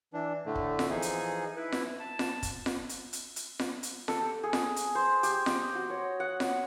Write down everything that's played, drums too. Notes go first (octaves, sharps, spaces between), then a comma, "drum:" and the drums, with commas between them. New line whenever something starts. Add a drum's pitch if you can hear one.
E3 D4
A2 D3 A3
drum: kick
drum: snare F4
E3 F3 D#4 G#4
drum: hi-hat
E4 B4
drum: snare F4
A5
drum: snare F4
drum: kick, hi-hat
drum: snare F4
drum: hi-hat
drum: hi-hat
drum: hi-hat
drum: snare F4
drum: hi-hat
A4, drum: snare F4
G4
G#4
drum: snare F4
drum: hi-hat
C5
G4, drum: hi-hat
D#5, drum: snare F4
F#4
C#5
F#5
drum: snare F4